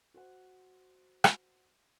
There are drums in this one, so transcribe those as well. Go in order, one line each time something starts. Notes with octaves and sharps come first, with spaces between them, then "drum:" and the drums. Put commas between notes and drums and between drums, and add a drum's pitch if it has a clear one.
F#4 C5 F#5
drum: rim click